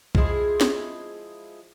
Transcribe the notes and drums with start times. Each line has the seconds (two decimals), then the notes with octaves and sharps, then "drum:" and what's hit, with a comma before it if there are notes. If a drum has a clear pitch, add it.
0.15 F3 G#3 E4 G#4, drum: kick
0.61 drum: snare